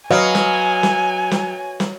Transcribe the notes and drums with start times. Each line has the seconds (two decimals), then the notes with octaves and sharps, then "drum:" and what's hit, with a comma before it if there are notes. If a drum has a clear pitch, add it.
0.11 F#3 B4 D#5 F5 G#5
0.35 drum: snare
0.83 drum: snare
1.31 drum: snare
1.80 drum: snare